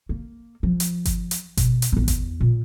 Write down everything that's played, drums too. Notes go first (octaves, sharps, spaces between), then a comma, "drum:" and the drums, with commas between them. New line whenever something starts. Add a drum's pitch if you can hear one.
A#3
F3
drum: hi-hat
drum: kick G1, hi-hat
drum: hi-hat
B2, drum: kick G1, hi-hat
drum: hi-hat
A1 B3
E2, drum: kick G1, hi-hat
A#2